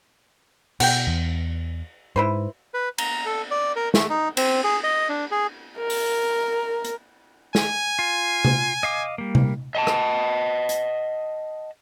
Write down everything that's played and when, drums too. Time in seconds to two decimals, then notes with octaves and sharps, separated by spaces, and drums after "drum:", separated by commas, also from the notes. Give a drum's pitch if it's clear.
0.80 B2 F#5 G5, drum: cymbal
1.07 E2
2.16 G#2 E4 B4 C5
2.74 B4
2.98 A#5, drum: cymbal
3.26 A4
3.51 D5
3.76 A#4
3.94 A3, drum: snare
4.10 D#4
4.37 C4, drum: cymbal
4.64 G#4
4.84 D#5
5.09 D4
5.31 G#4
5.77 A#4
5.90 drum: open hi-hat
6.85 drum: hi-hat
7.55 G#5, drum: snare
7.99 F4
8.45 drum: tom C3
8.83 D#5 F5 D6
9.18 G3 A#3
9.35 drum: tom C3
9.75 D#5 F#5 A5
9.87 drum: rim click
10.69 drum: hi-hat